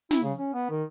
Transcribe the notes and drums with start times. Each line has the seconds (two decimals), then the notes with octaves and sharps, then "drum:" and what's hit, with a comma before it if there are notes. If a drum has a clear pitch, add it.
0.11 E4, drum: snare
0.23 C#3
0.38 C#4
0.54 B3
0.70 D#3